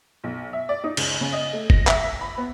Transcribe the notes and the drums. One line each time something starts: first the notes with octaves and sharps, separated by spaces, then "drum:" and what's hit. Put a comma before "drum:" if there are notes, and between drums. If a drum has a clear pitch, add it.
B1
E5
D5
D#4
C#2, drum: cymbal
C#3
D#5
A3
A#6, drum: kick
E5, drum: clap
B5
B3